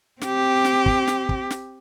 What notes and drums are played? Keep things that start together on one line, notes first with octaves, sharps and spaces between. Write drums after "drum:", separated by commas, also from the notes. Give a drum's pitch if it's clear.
C4 G4, drum: snare
drum: snare
drum: kick
drum: snare
drum: kick
drum: snare